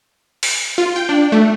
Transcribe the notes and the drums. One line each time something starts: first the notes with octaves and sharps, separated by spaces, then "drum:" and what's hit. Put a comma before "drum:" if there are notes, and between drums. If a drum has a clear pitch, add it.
drum: open hi-hat
F4
G5
D4
A3